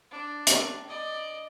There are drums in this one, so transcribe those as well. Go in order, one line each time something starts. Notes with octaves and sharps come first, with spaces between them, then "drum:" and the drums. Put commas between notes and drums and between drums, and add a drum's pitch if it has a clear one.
D4
drum: hi-hat
D5 D#5